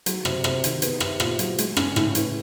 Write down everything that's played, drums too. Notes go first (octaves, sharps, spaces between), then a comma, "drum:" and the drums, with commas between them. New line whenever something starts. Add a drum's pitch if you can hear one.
F#3, drum: hi-hat
C3, drum: rim click
C3, drum: rim click
D#3, drum: hi-hat
B3, drum: hi-hat
E4, drum: rim click
A#2, drum: rim click
F#3, drum: hi-hat
G#3, drum: hi-hat
C#4, drum: rim click
A2, drum: rim click
E3, drum: hi-hat